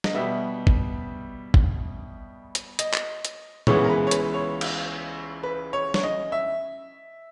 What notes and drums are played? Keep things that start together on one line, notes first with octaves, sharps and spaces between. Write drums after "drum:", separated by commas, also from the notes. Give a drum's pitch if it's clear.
D#5, drum: snare
B2 G3 B3 E5
drum: kick
drum: kick
drum: hi-hat
D#5, drum: hi-hat
drum: clap
drum: hi-hat
C#2 C#3 E3 G#3 B3 C#5, drum: tom A#2
A#4
B4
C#5
B4, drum: hi-hat
C#5
drum: cymbal
B4
C#5
C#5, drum: snare
D#5
E5